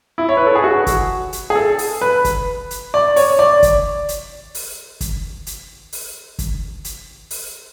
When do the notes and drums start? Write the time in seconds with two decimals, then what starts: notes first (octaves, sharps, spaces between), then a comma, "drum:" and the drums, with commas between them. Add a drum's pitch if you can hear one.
0.18 E4
0.29 C#5
0.37 B4
0.47 A4
0.55 G#4
0.64 F#4
0.87 drum: kick, hi-hat
1.33 drum: hi-hat
1.50 G#4
1.55 A4
1.79 drum: open hi-hat
2.01 B4
2.25 drum: kick, hi-hat
2.71 drum: hi-hat
2.94 D5
3.16 C#5, drum: open hi-hat
3.39 D5
3.63 drum: kick, hi-hat
4.09 drum: hi-hat
4.55 drum: open hi-hat
5.01 drum: kick, hi-hat
5.47 drum: hi-hat
5.93 drum: open hi-hat
6.39 drum: kick, hi-hat
6.85 drum: hi-hat
7.31 drum: open hi-hat